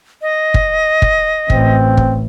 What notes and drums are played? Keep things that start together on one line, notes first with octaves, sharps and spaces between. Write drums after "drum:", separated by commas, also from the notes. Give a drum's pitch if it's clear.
D#5
drum: kick
drum: kick
A1 C4, drum: kick
drum: kick